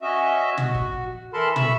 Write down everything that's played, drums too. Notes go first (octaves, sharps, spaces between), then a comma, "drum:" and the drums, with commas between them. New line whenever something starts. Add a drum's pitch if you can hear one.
C#4 F#4 D#5 E5
F#4, drum: tom
drum: kick
E3 A4 A#4 A5 B5 C6
E5 B5 C#6 E6, drum: tom